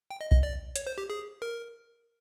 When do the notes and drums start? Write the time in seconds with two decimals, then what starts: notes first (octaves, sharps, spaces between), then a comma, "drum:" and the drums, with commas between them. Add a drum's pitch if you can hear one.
0.11 G5
0.21 D#5
0.32 D#5, drum: kick B1
0.43 D5
0.76 C#5, drum: hi-hat
0.87 C5
0.98 G4
1.10 G#4
1.42 A#4